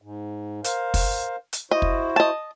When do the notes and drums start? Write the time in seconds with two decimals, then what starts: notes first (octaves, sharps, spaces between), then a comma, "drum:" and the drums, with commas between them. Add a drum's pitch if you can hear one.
0.02 G#2
0.64 A#4 C5 F5, drum: hi-hat
0.94 drum: kick, open hi-hat
1.53 drum: hi-hat
1.71 E4 F#4 C5 D#5
1.82 drum: kick
2.16 D#5 A5